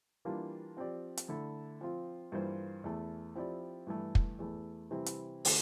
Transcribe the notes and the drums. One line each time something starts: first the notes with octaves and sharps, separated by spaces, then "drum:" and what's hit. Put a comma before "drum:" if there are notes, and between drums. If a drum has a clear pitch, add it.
E3 G3 A#3 D4 F4
F3 C4 G4 D5
drum: hi-hat
D3 A3 E4 A4
F3 C4 F4
G2 E3 A#3 F4 C5
E2 E3 A3
F3 C4 E4 G4 D5
G2 E3 A3
drum: kick
E2 E3 A3
C3 E3 G3 C4 E4
drum: hi-hat
D3 A3, drum: open hi-hat